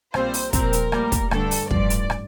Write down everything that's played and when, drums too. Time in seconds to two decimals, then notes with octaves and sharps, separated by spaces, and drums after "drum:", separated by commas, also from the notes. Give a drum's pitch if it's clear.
0.14 A#1 A#2 G3 C4 F4 C5, drum: rim click
0.34 drum: open hi-hat
0.53 A#1 A#2 F3 C4 A#4, drum: kick, hi-hat
0.73 drum: hi-hat
0.92 A2 G3 A#3, drum: rim click
1.12 drum: kick, hi-hat
1.31 G2 D3 A3 D4 A4, drum: rim click
1.51 drum: open hi-hat
1.71 A1 G2 F3 D5, drum: kick
1.90 drum: hi-hat
2.10 drum: rim click